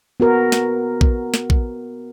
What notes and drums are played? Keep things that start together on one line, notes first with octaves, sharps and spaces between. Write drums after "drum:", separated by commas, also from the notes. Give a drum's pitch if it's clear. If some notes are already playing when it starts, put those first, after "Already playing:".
B3 F#4 A#4
drum: snare
drum: kick
drum: snare
drum: kick